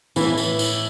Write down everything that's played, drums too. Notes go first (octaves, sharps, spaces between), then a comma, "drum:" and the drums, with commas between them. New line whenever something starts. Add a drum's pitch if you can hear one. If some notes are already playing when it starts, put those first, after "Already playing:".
A2 E3, drum: tambourine
drum: tambourine
drum: tambourine